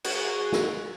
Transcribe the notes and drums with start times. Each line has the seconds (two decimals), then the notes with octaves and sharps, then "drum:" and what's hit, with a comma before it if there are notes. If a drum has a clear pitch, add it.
0.04 G#3 F#4, drum: cymbal
0.52 drum: snare